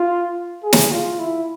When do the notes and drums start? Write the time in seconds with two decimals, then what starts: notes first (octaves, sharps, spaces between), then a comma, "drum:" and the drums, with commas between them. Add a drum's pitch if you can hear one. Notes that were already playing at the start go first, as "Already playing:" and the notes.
Already playing: F4
0.63 G#4
0.73 drum: snare
0.92 F4
1.19 E4